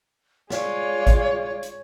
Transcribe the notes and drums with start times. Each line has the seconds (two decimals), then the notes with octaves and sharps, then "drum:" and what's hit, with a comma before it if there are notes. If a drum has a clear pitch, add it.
0.50 G#3 F4 C#5 D5, drum: snare
1.07 drum: kick, hi-hat
1.63 drum: hi-hat